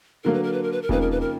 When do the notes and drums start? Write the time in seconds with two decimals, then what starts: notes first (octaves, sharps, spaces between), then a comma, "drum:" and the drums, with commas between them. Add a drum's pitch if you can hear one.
0.24 D3 F#3 A#3 A#4
0.33 B4
0.43 A#4
0.53 B4
0.63 A#4
0.72 B4
0.82 A#4
0.89 F2 C#3 F3 A#3 D#4 B4, drum: kick E1
1.01 A#4
1.11 B4
1.21 A#4